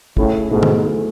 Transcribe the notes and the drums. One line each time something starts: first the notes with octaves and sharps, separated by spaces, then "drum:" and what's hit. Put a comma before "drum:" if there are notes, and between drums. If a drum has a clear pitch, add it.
A2 C#3 A3 E4 G#4, drum: kick
G#2 B2 A3 E4 G#4
drum: tom
A3 E4 G#4